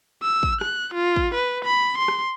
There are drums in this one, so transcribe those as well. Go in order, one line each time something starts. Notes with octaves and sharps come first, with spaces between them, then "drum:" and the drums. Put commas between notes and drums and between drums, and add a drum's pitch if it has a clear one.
E6
drum: kick
F#6, drum: rim click
F4
drum: kick
B4
B5
C6
drum: rim click